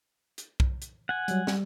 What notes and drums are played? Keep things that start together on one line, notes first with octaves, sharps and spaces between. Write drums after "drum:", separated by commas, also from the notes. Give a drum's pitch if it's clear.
drum: hi-hat
drum: kick B1
drum: hi-hat
F#5 G#5
F#3 G3, drum: hi-hat
G3, drum: snare